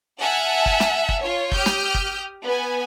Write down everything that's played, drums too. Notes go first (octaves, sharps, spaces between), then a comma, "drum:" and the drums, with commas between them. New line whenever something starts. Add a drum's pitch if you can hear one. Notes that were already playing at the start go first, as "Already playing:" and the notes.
E5 F#5 G#5 A5 F6
drum: kick
drum: snare
drum: kick
F4 C#5
G4 D#6 F6 G6, drum: kick
drum: snare
drum: kick
B3 B4 G#5